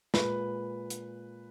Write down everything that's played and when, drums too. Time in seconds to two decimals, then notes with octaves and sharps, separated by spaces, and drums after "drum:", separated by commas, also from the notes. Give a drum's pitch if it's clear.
0.14 A#2 G#3 B4, drum: snare
0.90 drum: hi-hat